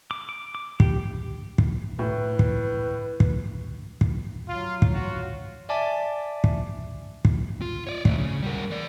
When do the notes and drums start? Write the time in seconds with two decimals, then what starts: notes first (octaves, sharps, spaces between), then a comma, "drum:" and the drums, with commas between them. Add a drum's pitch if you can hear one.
0.11 D6
0.29 D6
0.55 D6
0.80 G4, drum: kick
1.58 drum: kick
1.99 A2 B4
2.39 drum: kick
3.20 drum: kick
4.01 drum: kick
4.47 F#3 F4
4.82 drum: kick
4.93 F4 F#4
5.69 D5 E5 G#5 A5 D6 B6
6.44 drum: kick
7.25 drum: kick
7.62 F4
7.87 C#5 D5
8.05 F3 A3, drum: kick
8.18 C#3
8.43 G3 A#4
8.70 E3 D5